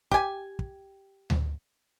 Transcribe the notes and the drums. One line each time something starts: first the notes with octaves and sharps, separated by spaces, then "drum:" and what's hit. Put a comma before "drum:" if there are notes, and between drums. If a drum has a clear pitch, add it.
G4 G#5, drum: kick
drum: kick
drum: tom D2